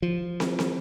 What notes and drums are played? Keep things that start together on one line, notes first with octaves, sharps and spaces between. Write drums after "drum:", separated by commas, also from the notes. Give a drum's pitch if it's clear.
F3
drum: snare
drum: snare